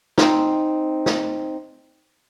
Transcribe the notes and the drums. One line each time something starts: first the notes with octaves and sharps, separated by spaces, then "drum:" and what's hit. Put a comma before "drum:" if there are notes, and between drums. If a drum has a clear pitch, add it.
C4 D#4, drum: snare
drum: snare